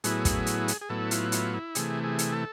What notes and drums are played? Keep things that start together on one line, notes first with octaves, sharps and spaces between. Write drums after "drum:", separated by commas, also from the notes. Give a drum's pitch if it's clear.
A2 F#3 B3 E4 G#4, drum: hi-hat
drum: kick, hi-hat
drum: hi-hat
drum: hi-hat
G#4
A2 F#3 B3 E4 A4
F4, drum: hi-hat
F4, drum: hi-hat
E4
C3 E3 A3 G#4, drum: hi-hat
G#4
drum: hi-hat
A4